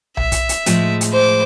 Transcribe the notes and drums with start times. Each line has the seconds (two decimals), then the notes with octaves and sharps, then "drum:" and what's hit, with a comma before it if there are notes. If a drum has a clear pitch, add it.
0.17 E5, drum: tom B1
0.32 drum: kick, hi-hat
0.49 drum: hi-hat
0.66 A2 F3 G#3, drum: hi-hat
1.01 drum: hi-hat
1.12 C5 D6